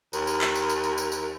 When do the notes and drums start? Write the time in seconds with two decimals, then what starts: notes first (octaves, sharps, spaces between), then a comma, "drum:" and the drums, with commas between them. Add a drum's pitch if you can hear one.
0.13 D#2, drum: tambourine
0.27 drum: tambourine
0.41 drum: clap
0.55 drum: tambourine
0.69 drum: tambourine
0.84 drum: tambourine
0.98 drum: tambourine
1.12 drum: tambourine